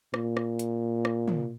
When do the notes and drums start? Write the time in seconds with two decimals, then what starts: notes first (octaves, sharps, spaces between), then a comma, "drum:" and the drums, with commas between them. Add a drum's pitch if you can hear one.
0.14 A#2, drum: rim click
0.37 drum: rim click
0.59 drum: hi-hat
1.05 drum: rim click
1.28 drum: tom